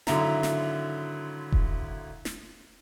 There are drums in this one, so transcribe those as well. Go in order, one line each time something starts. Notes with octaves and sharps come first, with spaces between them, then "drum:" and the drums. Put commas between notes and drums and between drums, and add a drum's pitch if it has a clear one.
G#1 D3 F#3 E4 E5 A#5, drum: snare
drum: snare
drum: kick E1
drum: snare